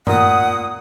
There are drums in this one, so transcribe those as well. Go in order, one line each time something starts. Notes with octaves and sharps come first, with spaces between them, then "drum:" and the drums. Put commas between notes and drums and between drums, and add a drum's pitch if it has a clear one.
A#2 F#5 D#6, drum: tom G2